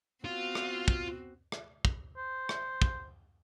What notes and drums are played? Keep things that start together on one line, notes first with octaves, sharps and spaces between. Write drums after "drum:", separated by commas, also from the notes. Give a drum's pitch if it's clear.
B3 C4 F4 F#4
drum: rim click
drum: kick
drum: rim click
drum: kick
C5
drum: rim click
drum: kick